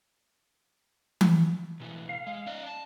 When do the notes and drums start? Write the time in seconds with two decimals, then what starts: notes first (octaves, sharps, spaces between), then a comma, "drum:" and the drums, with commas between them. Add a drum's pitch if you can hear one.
1.21 drum: tom E3
1.80 B2 E3 A3
2.09 F5
2.27 G#3
2.46 C#4 D5 D#5
2.66 A5